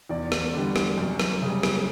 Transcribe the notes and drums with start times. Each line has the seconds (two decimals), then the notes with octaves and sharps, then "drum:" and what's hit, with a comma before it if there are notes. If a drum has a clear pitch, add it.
0.09 E2 D5
0.32 drum: rim click
0.53 D3 G3
0.76 drum: rim click
0.98 F#2
1.20 drum: rim click
1.42 C#3
1.47 G3
1.63 drum: rim click